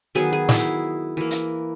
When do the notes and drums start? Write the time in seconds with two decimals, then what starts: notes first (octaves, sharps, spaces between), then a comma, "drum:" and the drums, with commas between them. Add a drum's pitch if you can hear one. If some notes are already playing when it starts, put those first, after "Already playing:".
0.15 D#3 F#3 B3 G#4
0.33 G#4
0.49 E4, drum: snare
1.17 E3 A#3
1.31 drum: hi-hat